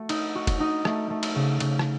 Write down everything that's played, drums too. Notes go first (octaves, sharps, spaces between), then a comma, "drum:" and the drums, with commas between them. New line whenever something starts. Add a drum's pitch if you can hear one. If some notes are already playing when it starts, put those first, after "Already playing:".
Already playing: A3 F#4
D#4, drum: cymbal
F#4
drum: kick F#1, cymbal
D#4
A3, drum: rim click
A3
drum: cymbal
C#3
C#3, drum: cymbal
drum: rim click